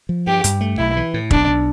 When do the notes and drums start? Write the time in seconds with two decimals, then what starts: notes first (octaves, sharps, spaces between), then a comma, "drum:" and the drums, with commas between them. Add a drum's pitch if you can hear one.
0.09 F3
0.27 G2 G4
0.44 G2, drum: hi-hat
0.61 A3
0.78 B1 E4
0.97 E3
1.14 A2
1.31 B1 D4, drum: kick
1.47 B1